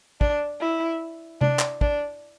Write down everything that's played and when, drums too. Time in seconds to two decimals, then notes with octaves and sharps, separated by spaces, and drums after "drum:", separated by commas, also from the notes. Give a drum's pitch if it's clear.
0.21 D4, drum: kick
0.61 E4
1.41 D4, drum: tom C3
1.59 drum: clap
1.81 D4, drum: kick